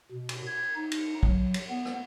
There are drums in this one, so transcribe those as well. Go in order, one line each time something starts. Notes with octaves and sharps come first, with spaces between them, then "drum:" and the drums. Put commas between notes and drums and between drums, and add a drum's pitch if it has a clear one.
B2
drum: cymbal
G#6
D#4
drum: cymbal
F#3, drum: kick
drum: cymbal
B3
drum: rim click